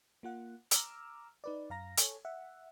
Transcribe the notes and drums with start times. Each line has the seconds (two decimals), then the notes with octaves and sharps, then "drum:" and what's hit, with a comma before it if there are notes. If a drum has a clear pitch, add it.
0.23 A#3 F4 F#5
0.71 A#5 D6 E6 F6, drum: hi-hat
1.44 D#4 B4 D5
1.70 F#2 F5 A#5 A#6
1.97 A4 C#5 G#5, drum: hi-hat
2.25 E5 F#5